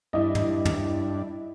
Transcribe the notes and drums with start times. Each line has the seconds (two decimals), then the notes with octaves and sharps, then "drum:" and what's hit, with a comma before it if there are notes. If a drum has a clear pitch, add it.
0.13 G2 D4 E4 D#5
0.35 drum: tom
0.65 drum: tom